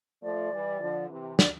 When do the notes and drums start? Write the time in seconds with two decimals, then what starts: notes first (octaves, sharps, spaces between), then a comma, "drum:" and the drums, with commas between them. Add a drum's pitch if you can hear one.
0.23 F3 A3 D5
0.52 E3 G3
0.81 D3 F3
1.10 C3 E3
1.39 D5, drum: snare